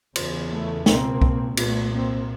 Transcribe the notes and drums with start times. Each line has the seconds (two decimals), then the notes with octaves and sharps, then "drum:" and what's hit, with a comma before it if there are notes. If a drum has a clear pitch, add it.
0.16 E2 C#3, drum: cymbal
0.51 A3 B3
0.86 C#2 B2 A#3 C4, drum: snare
1.22 drum: kick C2
1.57 C2 A#2 A3 B3, drum: cymbal
1.92 A#3 C4